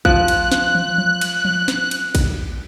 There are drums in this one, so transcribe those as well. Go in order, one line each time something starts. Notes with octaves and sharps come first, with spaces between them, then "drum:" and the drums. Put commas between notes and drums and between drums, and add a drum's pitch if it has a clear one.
F3 F#6, drum: kick A1
drum: cymbal
drum: snare
drum: tom E3
drum: tom F3
drum: cymbal
drum: tom F3
drum: snare
drum: cymbal
drum: kick A1, cymbal